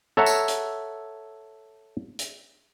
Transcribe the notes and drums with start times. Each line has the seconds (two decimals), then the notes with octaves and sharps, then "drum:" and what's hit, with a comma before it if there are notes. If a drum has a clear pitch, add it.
0.17 A4 C#5 E5 F#5 A#5
0.26 drum: tambourine
0.48 drum: hi-hat
2.19 drum: hi-hat